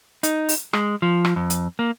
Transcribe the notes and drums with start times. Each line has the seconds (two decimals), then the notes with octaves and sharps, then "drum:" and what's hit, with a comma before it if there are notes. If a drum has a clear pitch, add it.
0.23 D#4, drum: hi-hat
0.49 drum: open hi-hat
0.73 G#3, drum: rim click
1.02 F3
1.25 drum: rim click
1.36 F2
1.50 drum: hi-hat
1.79 A#3